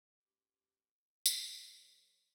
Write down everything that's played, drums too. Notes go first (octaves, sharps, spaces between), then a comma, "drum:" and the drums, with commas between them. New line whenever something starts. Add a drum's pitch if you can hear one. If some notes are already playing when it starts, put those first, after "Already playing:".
C#2 G4
F3 A3 C#5, drum: tambourine